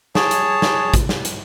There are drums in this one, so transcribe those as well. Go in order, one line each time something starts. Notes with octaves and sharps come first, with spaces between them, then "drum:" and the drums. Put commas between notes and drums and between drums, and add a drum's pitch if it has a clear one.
G#4 C#5 A5, drum: snare
drum: hi-hat
drum: snare
drum: kick, hi-hat
drum: snare
drum: hi-hat